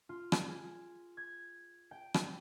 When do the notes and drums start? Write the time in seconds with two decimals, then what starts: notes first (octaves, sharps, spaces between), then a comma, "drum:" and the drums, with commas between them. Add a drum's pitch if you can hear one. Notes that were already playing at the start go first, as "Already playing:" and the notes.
0.09 F4
0.32 drum: rim click
0.49 G#4
1.17 G#6
1.91 G5
2.14 drum: rim click